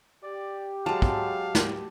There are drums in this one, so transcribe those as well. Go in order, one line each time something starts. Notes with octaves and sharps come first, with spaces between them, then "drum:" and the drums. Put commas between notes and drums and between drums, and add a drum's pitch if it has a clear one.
G4 D5
F#3 G#3 F5 A5
drum: kick
drum: snare